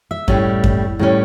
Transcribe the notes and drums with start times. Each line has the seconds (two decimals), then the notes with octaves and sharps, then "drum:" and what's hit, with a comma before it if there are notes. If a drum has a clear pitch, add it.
0.11 E5
0.28 A2 G3 C#4, drum: kick F#2
0.64 drum: kick F#2
0.99 A2 G3 C#4